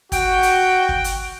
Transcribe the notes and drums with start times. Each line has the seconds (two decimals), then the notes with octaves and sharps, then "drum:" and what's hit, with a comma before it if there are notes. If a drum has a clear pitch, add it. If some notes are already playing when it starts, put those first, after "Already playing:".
0.12 F#4 G5, drum: kick, hi-hat
0.43 drum: hi-hat
0.89 drum: kick
1.04 drum: hi-hat